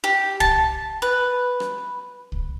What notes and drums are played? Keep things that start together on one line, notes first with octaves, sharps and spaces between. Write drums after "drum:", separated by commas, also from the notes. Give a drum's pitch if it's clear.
G4
A5, drum: kick C2
B4
drum: rim click
drum: kick C2